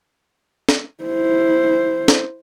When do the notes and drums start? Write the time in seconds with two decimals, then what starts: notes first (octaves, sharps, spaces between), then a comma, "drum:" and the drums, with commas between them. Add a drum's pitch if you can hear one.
0.69 drum: snare
1.03 E4 C5
2.08 drum: snare